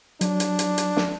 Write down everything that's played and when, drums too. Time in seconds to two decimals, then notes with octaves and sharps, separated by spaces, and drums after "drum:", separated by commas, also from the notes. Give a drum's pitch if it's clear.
0.21 F#3 D4, drum: hi-hat
0.40 drum: hi-hat
0.59 drum: hi-hat
0.78 drum: hi-hat
0.96 drum: snare